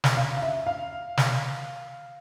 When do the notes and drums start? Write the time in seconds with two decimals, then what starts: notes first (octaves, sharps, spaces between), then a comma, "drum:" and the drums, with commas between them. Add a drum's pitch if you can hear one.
0.04 drum: snare
0.17 F5
0.37 F5
0.42 E5
0.67 F5
1.17 drum: snare